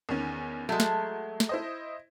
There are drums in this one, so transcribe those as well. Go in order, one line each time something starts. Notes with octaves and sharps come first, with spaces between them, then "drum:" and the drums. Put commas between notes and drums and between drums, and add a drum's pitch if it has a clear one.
E2 D#3 C#4
F#3 G#3 A3
drum: snare
drum: snare
E4 C5 D#5